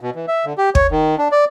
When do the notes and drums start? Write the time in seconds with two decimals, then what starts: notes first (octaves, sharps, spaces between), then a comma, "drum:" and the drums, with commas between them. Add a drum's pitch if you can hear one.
0.01 B2
0.15 E3
0.28 E5
0.45 D3
0.58 G4
0.75 C#5, drum: kick
0.91 D#3
1.18 D4
1.32 D5